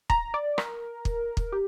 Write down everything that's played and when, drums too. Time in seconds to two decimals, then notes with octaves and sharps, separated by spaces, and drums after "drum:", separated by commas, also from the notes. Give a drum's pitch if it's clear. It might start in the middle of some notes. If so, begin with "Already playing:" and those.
0.10 A#5, drum: kick
0.34 D5
0.58 A#4, drum: rim click
1.05 drum: kick
1.37 drum: kick
1.52 G4